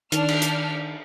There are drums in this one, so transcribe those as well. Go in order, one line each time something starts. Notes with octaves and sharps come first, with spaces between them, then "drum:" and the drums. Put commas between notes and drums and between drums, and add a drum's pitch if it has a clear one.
D#3 D4 F6, drum: hi-hat
drum: cymbal
drum: hi-hat